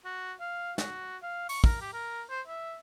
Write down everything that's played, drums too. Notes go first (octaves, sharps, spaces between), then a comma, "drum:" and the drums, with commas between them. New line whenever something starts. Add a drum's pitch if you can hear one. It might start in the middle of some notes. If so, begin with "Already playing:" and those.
F#4
F5
F#4, drum: snare
F5
C#6, drum: open hi-hat
A#4, drum: kick
G4
A#4
C5
E5